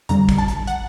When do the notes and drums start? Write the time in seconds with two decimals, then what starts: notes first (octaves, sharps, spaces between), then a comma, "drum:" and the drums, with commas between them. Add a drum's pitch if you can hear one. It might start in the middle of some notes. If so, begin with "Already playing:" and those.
0.09 F2 D3 G3 A#5, drum: hi-hat
0.29 drum: kick, hi-hat
0.38 A5
0.48 drum: hi-hat
0.67 F#5, drum: hi-hat